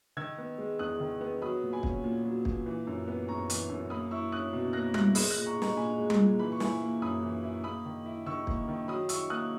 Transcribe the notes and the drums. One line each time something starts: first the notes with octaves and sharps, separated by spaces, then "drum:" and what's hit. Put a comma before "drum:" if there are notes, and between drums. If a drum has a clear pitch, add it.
D#3 E6 G#6
B3
G#3
E2 D#6 F#6
D#3
B3
F#3 B5 D#6
A#2
G#5 B5
C#4, drum: kick
A#2
F#3
A#2, drum: kick
E3
F#2
B3
F#2 A#5 C#6
E3, drum: hi-hat
F#2
A#3 B5 D#6
E4 C#6 E6
C#4 D#6 F#6
B2
A#3 F#6 A#6
E4 F#6 A#6, drum: tom G3
G#3 B5 D#6, drum: open hi-hat
F#6 A#6
A#2
A#5 C#6
D#4
A#5 C#6, drum: snare
A#2 G#5 B5
G#3
drum: tom G3
A#2
E3 B5
C#6
E4 G#5 B5, drum: snare
A#3
F#2 B5 D#6
E3
E4
A#3 B5 D#6
D#3
E4
D#3 C#6 E6
A#3, drum: kick
D#3
F#3 B5 D#6
E4 C#6 E6, drum: hi-hat
A#3 D#6 F#6